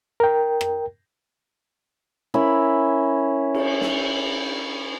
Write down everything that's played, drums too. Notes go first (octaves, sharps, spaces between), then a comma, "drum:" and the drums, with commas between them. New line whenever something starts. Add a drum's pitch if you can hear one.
A#4 G5
drum: rim click
C#4 E4 A#4 B5
drum: cymbal
drum: snare